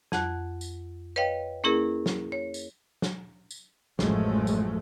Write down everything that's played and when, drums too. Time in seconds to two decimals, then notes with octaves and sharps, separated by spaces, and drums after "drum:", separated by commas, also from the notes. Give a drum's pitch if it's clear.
0.12 F2 F#5 F#6, drum: snare
0.61 drum: tambourine
1.16 B4 C#5 D#5 F5 G5
1.64 A#3 C#4 E4 G#4 A#4
2.06 drum: snare
2.32 C#5
2.54 drum: tambourine
3.02 drum: snare
3.51 drum: tambourine
3.99 A1 F#2 F3 G#3 A3, drum: snare
4.47 drum: tambourine